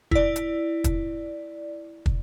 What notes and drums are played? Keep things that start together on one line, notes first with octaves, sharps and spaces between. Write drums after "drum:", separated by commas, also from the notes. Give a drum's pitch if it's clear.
E4 D5, drum: kick
drum: hi-hat
drum: kick, hi-hat
drum: kick